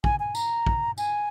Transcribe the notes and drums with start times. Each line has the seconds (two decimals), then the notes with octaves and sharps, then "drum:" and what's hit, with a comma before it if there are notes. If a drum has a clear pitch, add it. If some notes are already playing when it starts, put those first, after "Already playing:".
0.04 G#5, drum: kick
0.20 G#5
0.35 A#5, drum: tambourine
0.67 drum: kick
0.98 G#5, drum: tambourine